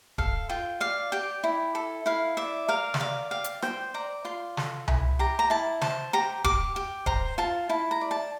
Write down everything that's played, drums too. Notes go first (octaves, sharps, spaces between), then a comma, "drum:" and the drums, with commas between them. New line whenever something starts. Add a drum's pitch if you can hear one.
A4 F5, drum: kick D1
F4 G5
D5 F5
G4 G5
E4
A4
E4 F5
D5 E5
A#4 F5
E5, drum: snare
D5 F5
G4 F5
drum: hi-hat
C5 G5, drum: rim click
D5 A#5
F4 C6
A4, drum: snare
E4, drum: tom C2
G4 A#5
A#5
E4 A5
C5 A5, drum: snare
G4 A#5
G4 D6, drum: kick D1
G4
C5 A#5, drum: kick D1
F4 A5
E4 A5
A#5
D5
A5